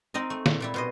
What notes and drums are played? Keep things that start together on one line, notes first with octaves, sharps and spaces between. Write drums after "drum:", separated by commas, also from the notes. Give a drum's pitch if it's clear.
C4 D#4 A#4 D#5
A3
A#2, drum: snare
A#2 G3 E4
B2 C5 D#5